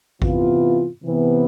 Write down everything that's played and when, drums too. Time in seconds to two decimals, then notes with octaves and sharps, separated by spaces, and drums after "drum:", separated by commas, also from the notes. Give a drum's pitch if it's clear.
0.22 C3 E3 B3 F4, drum: kick
1.04 C3 E3 B3